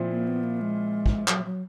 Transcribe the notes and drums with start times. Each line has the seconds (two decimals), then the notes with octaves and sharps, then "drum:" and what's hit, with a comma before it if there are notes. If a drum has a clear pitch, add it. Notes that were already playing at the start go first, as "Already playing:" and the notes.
Already playing: A#2 F3 C4 E4
0.09 A#3
0.27 B3
0.43 A#3
0.61 G#3
1.06 drum: kick
1.28 F#3, drum: clap
1.45 F#3